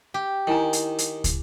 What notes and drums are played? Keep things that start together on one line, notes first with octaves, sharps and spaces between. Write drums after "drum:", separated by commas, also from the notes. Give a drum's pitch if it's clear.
G4
D#3 E4 G#5 A#5
drum: hi-hat
drum: hi-hat
drum: kick, hi-hat